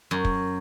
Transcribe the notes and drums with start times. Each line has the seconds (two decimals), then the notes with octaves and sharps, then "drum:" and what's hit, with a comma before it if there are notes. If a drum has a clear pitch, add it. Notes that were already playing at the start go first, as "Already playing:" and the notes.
0.11 F#2
0.25 drum: kick